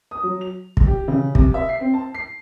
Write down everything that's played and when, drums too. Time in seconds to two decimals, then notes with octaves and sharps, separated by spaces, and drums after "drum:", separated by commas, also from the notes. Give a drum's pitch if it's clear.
0.11 D#6
0.23 F#3
0.41 F7
0.77 drum: kick
0.87 G4
1.08 C#3
1.35 C3, drum: kick
1.54 E5
1.69 C7
1.81 C4
1.94 A5
2.14 C7